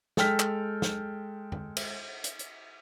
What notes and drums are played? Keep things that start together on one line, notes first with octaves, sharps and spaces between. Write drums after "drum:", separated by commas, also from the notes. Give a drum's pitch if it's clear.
G#3 A4 G5 F6 B6, drum: snare
drum: clap
drum: snare
drum: tom F#2
drum: cymbal
drum: hi-hat
drum: hi-hat